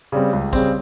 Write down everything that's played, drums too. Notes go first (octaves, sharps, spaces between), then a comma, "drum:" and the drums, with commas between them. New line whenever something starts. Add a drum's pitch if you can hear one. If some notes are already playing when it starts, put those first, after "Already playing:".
C#3 G3 C4
C#2
C#3 G3 C4, drum: kick, tambourine